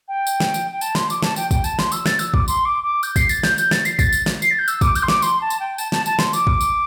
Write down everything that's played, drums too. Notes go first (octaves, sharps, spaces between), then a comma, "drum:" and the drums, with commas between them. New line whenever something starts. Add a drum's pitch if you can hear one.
G5
drum: tambourine
drum: snare
drum: tambourine
G5
A5, drum: tambourine
C6, drum: snare
D6, drum: tambourine
A5, drum: snare
G5, drum: tambourine
G5, drum: kick, tambourine
A5, drum: tambourine
C6, drum: snare
E6, drum: tambourine
A6, drum: snare
E6, drum: tambourine
D6, drum: kick
C6, drum: tambourine
D6
D6
G6, drum: tambourine
C7, drum: kick, tambourine
A6, drum: tambourine
G6, drum: snare
G6, drum: tambourine
A6, drum: snare
C7, drum: tambourine
A6, drum: kick, tambourine
drum: tambourine
drum: snare
C7, drum: tambourine
A6
G6
E6, drum: tambourine
D6, drum: kick, tambourine
G6, drum: tambourine
C6
D6, drum: snare
C6, drum: tambourine
A5
drum: tambourine
G5
A5, drum: tambourine
A5, drum: snare
A5, drum: tambourine
C6, drum: snare
D6, drum: tambourine
drum: kick
drum: tambourine